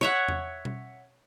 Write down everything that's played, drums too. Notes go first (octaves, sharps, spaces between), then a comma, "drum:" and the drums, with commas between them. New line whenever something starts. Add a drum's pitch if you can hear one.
C#5 E5 F#5
drum: tom E2
drum: tom B2